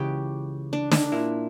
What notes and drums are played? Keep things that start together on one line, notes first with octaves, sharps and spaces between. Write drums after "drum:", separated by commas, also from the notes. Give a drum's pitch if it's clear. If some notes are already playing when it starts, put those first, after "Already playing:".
Already playing: C#2 C#3 E3 G4
D4
D4, drum: snare
A#2 A#3 E4